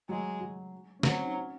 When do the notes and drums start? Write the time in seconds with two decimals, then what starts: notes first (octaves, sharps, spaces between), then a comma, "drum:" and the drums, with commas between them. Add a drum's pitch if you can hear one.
0.09 F#3 G#3
0.41 F#3
0.99 C#4
1.03 F#3 C4, drum: snare
1.15 C#4
1.25 D#4
1.36 C#4